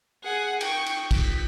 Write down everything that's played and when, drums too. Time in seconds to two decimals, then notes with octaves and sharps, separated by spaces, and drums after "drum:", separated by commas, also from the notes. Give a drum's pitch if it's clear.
0.24 G#4 F#5
0.61 G5 C#6, drum: cymbal
0.86 drum: cymbal
1.11 B6, drum: kick, cymbal